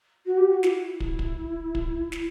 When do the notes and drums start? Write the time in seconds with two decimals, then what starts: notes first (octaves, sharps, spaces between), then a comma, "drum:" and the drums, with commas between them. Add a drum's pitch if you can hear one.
0.26 F#4
0.37 G4
0.50 F#4
0.63 E4, drum: snare
1.00 drum: kick
1.19 drum: kick
1.75 drum: kick
2.12 drum: snare